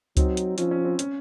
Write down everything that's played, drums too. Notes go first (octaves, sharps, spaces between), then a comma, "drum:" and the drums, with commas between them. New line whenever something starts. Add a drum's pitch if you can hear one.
F#3 C4 D#4, drum: kick C#2, hi-hat
drum: hi-hat
F3 C#4, drum: hi-hat
C#4
C4
C#4, drum: hi-hat